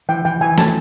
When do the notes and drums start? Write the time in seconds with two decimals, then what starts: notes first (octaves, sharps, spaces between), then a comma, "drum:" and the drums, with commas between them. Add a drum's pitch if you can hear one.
0.09 E3 G5
0.25 E3 G5
0.41 E3 G#5
0.58 A3 A5, drum: snare